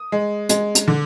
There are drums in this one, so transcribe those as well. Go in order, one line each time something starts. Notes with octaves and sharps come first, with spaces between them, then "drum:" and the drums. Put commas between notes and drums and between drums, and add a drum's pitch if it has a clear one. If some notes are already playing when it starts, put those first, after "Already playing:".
Already playing: D#6
G#3
G#3, drum: hi-hat
drum: hi-hat
D3